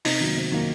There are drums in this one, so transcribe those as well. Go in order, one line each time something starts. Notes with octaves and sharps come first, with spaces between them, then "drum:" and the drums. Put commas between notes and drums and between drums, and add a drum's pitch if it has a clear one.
C3 D#4, drum: open hi-hat
D#3 F#3 A#3
C3
D#3 F#3 A#3